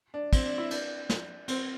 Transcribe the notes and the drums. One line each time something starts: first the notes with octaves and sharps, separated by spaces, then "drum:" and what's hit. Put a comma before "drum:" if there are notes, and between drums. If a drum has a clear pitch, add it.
D4
C4, drum: kick, cymbal
D4
E4
D4, drum: cymbal
drum: snare
C4, drum: cymbal